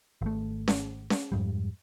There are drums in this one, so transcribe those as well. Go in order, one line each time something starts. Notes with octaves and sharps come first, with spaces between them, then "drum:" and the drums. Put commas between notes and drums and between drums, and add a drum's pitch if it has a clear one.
G#1 A3
drum: snare C#4
drum: snare C#4
F2 G#2 G3